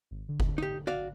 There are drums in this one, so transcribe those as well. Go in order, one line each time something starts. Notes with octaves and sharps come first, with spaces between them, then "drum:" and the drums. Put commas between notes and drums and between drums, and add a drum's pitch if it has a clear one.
G#1
D3
drum: kick F1
D#4 G4
F#4 D5 F5